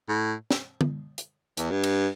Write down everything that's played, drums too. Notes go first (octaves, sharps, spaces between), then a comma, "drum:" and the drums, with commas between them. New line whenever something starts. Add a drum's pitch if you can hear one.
A2
drum: snare
drum: tom D3
drum: hi-hat
E2, drum: hi-hat
G2
drum: cymbal